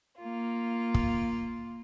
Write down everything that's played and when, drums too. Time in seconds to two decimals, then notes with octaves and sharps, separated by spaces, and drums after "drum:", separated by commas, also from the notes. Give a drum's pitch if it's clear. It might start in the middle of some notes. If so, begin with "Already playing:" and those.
0.18 A#3 F4
0.94 drum: kick